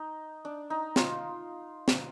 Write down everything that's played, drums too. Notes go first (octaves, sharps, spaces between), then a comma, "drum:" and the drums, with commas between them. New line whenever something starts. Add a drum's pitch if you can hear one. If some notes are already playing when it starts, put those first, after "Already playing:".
Already playing: D#4
D4
D#4
F4, drum: snare
drum: snare